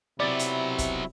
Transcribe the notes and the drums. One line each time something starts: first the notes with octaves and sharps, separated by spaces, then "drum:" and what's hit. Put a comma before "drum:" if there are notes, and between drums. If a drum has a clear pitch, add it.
C3 F#3 B3 E4 D5
drum: hi-hat
drum: kick, hi-hat